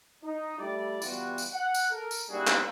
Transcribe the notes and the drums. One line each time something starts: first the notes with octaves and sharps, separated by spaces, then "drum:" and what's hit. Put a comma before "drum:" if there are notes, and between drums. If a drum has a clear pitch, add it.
D#4
G3 A3 E4 D5
E3 G3 B3 F4 F#4, drum: tambourine
drum: tambourine
F#5
drum: tambourine
A4 A#4
drum: tambourine
G3 A#3 D4 E4 F#4 G#4
drum: clap